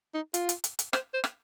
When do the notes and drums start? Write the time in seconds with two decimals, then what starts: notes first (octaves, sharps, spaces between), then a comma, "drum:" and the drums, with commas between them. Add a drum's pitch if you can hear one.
0.14 D#4
0.34 F4, drum: hi-hat
0.49 drum: hi-hat
0.64 drum: hi-hat
0.79 drum: hi-hat
0.93 C5, drum: rim click
1.14 C5
1.24 drum: rim click